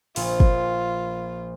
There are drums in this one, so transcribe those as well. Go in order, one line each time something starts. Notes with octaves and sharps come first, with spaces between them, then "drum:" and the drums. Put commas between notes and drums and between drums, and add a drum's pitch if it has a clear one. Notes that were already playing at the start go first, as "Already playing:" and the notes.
A#1 A#2 F4, drum: open hi-hat
drum: kick